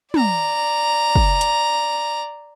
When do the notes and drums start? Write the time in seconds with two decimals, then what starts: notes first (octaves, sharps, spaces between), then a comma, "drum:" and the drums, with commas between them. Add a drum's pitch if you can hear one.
0.14 D5 A#5, drum: tom
1.16 drum: kick
1.41 drum: hi-hat